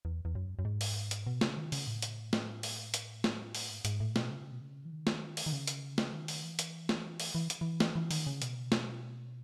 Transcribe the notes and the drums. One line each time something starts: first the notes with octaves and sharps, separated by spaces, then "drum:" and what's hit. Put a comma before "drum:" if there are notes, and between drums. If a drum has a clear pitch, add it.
E2
E2
F#2
F#2
G#2
drum: open hi-hat
drum: hi-hat
B2
C#3, drum: snare
D#3
C#3, drum: open hi-hat
A2
drum: hi-hat
drum: snare
drum: open hi-hat
drum: hi-hat
drum: snare
drum: open hi-hat
G#2
G#2, drum: hi-hat
A2
B2, drum: snare
C#3
B2
C#3
E3
D#3
drum: snare
drum: open hi-hat
D#3
C#3
drum: hi-hat
drum: snare
D#3
drum: open hi-hat
E3
drum: hi-hat
drum: snare
drum: open hi-hat
E3
drum: hi-hat
E3
drum: snare
E3
D#3, drum: open hi-hat
C#3
B2, drum: hi-hat
drum: snare